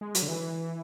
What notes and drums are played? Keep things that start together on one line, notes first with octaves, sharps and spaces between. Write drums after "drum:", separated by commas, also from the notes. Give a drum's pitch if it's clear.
G#3
F#3, drum: hi-hat
D3
E3